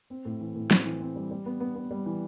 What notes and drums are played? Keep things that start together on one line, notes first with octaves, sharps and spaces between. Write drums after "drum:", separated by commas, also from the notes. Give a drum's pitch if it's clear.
C4
A2
E3
A2
C4, drum: snare
E3
C4
G3
G3
B3
B3
B3
G3
E3